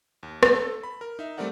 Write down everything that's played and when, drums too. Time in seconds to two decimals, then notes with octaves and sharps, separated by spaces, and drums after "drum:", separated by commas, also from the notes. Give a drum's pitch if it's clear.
0.23 D#2
0.43 drum: rim click
0.56 A4
0.83 B5
1.01 A#4
1.19 D#4 E5
1.38 G3 A3 C4 A#4 D5 F#5